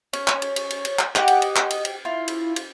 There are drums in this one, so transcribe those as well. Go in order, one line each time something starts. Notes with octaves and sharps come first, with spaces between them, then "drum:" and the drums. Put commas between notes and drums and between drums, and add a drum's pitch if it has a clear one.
C#4 C#5, drum: cymbal
drum: clap
drum: cymbal
drum: cymbal
drum: cymbal
drum: cymbal
drum: clap
G4 D#5 F#5 D6, drum: clap
drum: cymbal
drum: cymbal
drum: clap
drum: cymbal
drum: cymbal
E4 F4
drum: cymbal
drum: cymbal